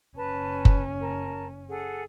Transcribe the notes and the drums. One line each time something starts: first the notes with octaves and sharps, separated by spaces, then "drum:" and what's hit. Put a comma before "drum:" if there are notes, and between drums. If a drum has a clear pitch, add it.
F#1 C#4 B4 A5
drum: kick F#1
A#4 A5
G#4 A4 F#5